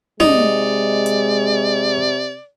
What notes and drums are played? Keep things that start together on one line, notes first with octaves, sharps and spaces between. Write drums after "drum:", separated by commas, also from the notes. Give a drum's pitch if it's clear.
C3 G#3 D#4 D5, drum: tom
drum: hi-hat